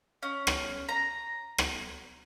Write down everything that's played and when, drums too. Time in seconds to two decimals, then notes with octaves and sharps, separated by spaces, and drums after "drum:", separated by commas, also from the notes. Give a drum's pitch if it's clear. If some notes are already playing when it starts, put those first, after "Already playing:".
0.23 C#4
0.47 drum: rim click
0.89 A#5
1.58 drum: rim click